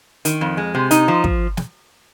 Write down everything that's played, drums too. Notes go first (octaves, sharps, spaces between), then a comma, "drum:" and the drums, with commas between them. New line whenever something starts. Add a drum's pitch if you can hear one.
D#3, drum: hi-hat
F2
G#3
C3
D#4, drum: hi-hat
F3
drum: kick
drum: snare